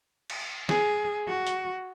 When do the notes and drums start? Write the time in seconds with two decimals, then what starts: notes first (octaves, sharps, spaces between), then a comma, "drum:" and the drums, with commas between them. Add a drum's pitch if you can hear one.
0.30 drum: cymbal
0.69 G#4, drum: snare
1.28 F#4
1.47 drum: hi-hat